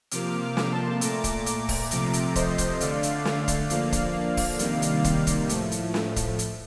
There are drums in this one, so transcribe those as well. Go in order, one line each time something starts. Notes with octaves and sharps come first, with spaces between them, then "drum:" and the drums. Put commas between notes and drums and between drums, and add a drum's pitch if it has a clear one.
C3 F3 A#3 D6 F6, drum: hi-hat
D6 F6
drum: snare
A5 C6
A#2 A3 A#5 D6, drum: hi-hat
drum: kick, hi-hat
drum: hi-hat
drum: kick, open hi-hat
C3 F3 A3 A#5 D6, drum: hi-hat
drum: hi-hat
C5 D#5, drum: kick, hi-hat
drum: kick, hi-hat
D3 A3 D5 F5, drum: hi-hat
drum: hi-hat
drum: snare
drum: kick, hi-hat
D3 F3 A#3 D5 F5, drum: hi-hat
drum: kick, hi-hat
drum: kick, open hi-hat
C3 D#3 G3 A#3, drum: hi-hat
drum: hi-hat
drum: kick, hi-hat
drum: kick, hi-hat
A2 F3 A3, drum: hi-hat
drum: hi-hat
drum: snare
drum: kick, hi-hat
drum: hi-hat